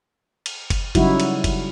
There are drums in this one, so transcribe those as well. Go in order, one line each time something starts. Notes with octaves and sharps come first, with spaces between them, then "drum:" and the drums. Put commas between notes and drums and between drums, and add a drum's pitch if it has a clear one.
drum: cymbal
drum: kick F#1, cymbal
C#3 F#3 G3 D#4 E4 F#4, drum: kick F#1, cymbal
drum: cymbal
drum: kick F#1, cymbal